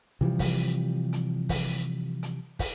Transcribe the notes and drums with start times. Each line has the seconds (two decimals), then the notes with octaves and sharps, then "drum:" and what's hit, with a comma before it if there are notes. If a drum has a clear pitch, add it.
0.21 C3 E3 F3 G3
0.39 drum: kick, open hi-hat
1.13 drum: hi-hat
1.49 drum: kick, open hi-hat
2.23 drum: hi-hat
2.59 drum: kick, open hi-hat